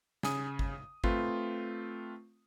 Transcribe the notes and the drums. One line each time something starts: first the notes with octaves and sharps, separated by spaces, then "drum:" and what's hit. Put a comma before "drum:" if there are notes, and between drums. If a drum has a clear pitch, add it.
C#3 G#5 D#6, drum: snare
drum: kick G#1
A3 C4 F4 B4, drum: kick G#1